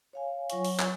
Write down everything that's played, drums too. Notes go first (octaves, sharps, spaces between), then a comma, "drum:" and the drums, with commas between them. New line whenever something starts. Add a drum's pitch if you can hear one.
C#5 F5 G#5
F#3 F4 C#5 G#5 C#6, drum: hi-hat
drum: open hi-hat
drum: clap